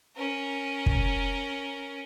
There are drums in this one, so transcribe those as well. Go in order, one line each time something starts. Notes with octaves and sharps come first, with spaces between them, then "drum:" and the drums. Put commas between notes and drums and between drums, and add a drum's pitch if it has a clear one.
C#4 A#4
drum: kick